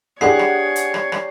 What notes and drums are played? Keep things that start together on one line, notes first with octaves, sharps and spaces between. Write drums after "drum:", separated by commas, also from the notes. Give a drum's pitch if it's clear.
D4 G4 G#4 C#5 F#5 C#6 C7, drum: rim click
drum: rim click
drum: hi-hat
drum: rim click
drum: rim click